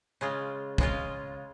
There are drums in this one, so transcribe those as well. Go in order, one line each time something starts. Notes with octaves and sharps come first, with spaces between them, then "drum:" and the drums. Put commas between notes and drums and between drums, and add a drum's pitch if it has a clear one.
C#3 G#3 F4
C#3 G#3 F4, drum: kick